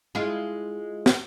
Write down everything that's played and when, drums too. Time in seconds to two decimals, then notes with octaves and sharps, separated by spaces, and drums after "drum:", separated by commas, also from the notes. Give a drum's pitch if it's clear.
0.15 G#3 E4 F4
1.06 drum: snare